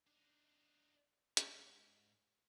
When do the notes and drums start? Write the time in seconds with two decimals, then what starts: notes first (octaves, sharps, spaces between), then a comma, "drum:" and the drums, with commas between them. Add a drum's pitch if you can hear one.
0.07 D4 D#4
1.37 G#2, drum: hi-hat